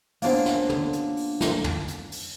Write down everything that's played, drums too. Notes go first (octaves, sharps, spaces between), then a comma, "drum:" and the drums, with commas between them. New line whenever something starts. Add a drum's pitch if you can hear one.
A#3 B3 C#4 D4 F4 C5, drum: open hi-hat
drum: snare
drum: tom
drum: hi-hat
drum: open hi-hat
drum: snare
drum: tom
drum: hi-hat
drum: open hi-hat